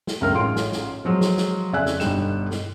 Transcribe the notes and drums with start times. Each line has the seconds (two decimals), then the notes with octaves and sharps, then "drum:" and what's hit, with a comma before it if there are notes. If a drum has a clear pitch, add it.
0.07 drum: snare
0.21 F#1 C#2 A2 D4 A#4 F6
0.33 A1 G#2 F4 C6 D7
0.56 drum: snare
0.72 drum: snare
1.05 F3 F#3 G#3
1.21 drum: snare
1.37 drum: snare
1.72 F2 C#3 D5 E5 G#5 F#6
1.86 drum: snare
2.00 G1 B2 D3 G3 D#4 E7, drum: snare
2.51 drum: snare